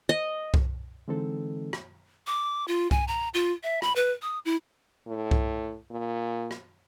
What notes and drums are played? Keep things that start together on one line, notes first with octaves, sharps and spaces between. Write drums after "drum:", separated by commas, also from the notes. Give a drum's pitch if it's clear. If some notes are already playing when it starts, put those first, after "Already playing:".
D#5
drum: kick C2
D3 E3 G#3 C4 D#4 A4
drum: rim click
D6
F4
G#5, drum: kick C2
A#5
F4
E5
B5, drum: rim click
B4
D#6
E4
A2
drum: kick C2
A#2
drum: rim click